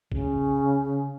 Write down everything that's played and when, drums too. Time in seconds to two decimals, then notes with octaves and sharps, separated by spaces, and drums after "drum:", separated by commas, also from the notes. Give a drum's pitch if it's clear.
0.12 C#3, drum: kick A#1